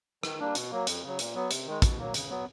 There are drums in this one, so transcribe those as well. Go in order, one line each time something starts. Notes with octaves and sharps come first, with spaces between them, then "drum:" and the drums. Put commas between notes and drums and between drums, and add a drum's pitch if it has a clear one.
D#3, drum: rim click
G3 A#3 D4
B2, drum: hi-hat
F#3 A#3
F2, drum: hi-hat
C#3 F#3
A#2, drum: hi-hat
F#3 B3
C3, drum: hi-hat
D#3 G#3
B2, drum: kick, hi-hat
F#3 A#3
C#3, drum: hi-hat
F#3 B3